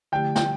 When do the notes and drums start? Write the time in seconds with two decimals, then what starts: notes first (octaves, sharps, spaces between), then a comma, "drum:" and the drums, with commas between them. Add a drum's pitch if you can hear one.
0.12 D3 F3 A3 E4 G4 G5
0.36 G5, drum: snare